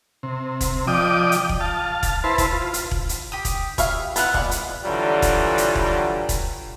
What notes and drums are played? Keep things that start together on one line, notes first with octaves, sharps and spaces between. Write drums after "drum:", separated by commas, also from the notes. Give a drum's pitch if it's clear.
C3
drum: kick E1, hi-hat
F3 D5 D#5 G5 D6 D#6
drum: hi-hat
drum: kick E1
F5 A5
drum: kick E1, hi-hat
E4 B4 C5 A5
drum: kick E1, hi-hat
F4
drum: hi-hat
drum: kick E1
drum: hi-hat
G4 D#6
drum: kick E1, hi-hat
C#5 E5 F5, drum: kick E1, hi-hat
B3 E4 F4 B4 F5 F#5, drum: hi-hat
G#3 A#3 B3 D5, drum: kick E1
drum: hi-hat
D3 E3 F#3 G3 F4
drum: kick E1, hi-hat
drum: hi-hat
drum: kick E1
drum: kick E1, hi-hat